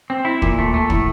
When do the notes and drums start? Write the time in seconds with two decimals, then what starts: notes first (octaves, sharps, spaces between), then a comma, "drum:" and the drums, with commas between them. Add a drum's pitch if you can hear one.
0.10 C4
0.25 E4
0.42 A#2, drum: kick
0.58 A3
0.74 A3
0.90 A2, drum: kick